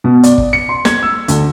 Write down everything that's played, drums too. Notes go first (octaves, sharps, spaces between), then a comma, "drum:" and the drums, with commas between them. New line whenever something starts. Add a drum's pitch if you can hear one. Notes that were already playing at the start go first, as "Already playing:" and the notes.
B2
D5, drum: hi-hat
drum: kick
C#7
C6
G#6, drum: snare
E6
D2, drum: hi-hat